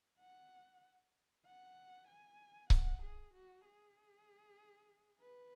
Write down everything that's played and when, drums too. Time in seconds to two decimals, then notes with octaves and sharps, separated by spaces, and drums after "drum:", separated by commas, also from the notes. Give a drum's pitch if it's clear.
0.19 F#5
1.46 F#5
2.08 G#5
2.70 F#5, drum: kick C#1
3.03 G#4
3.34 F#4
3.65 G#4
5.21 B4